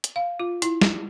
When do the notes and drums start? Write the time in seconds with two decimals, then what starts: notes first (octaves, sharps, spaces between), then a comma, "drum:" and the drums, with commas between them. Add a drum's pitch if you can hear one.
0.04 drum: hi-hat
0.16 F5
0.40 F4
0.62 E4, drum: hi-hat
0.81 drum: snare